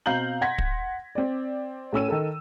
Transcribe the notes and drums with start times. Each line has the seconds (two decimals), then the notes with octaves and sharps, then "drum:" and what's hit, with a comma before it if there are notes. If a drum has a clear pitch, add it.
0.06 B2 C4 F5 A#5 G6 F#7
0.41 F#5 C6 G#6 A#6 B6
0.58 drum: kick
1.15 C4 D5
1.93 A2 C#4 E6 D#7
2.08 D#3 A4 A#4